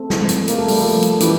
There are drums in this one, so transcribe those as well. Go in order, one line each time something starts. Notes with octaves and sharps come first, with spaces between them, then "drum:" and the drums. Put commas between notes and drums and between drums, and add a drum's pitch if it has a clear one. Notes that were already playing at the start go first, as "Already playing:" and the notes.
Already playing: A3 C4
drum: snare
drum: hi-hat
A#3, drum: hi-hat
A3
G3, drum: open hi-hat
F3 A3
drum: hi-hat
E3 G3, drum: hi-hat